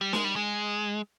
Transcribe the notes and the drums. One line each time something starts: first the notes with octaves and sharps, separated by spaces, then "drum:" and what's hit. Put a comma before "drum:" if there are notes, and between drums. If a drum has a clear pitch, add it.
G3
G#3, drum: snare
G3
G#3